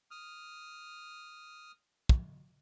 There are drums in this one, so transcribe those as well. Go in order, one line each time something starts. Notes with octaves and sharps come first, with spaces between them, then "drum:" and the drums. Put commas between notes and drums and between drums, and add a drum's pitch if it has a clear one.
D#6 F6
drum: kick